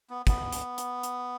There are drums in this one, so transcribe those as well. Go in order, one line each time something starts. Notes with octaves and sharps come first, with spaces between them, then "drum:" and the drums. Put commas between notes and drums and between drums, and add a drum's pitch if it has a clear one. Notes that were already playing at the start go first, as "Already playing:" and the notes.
B3
B3, drum: kick, hi-hat
drum: hi-hat
drum: hi-hat
drum: hi-hat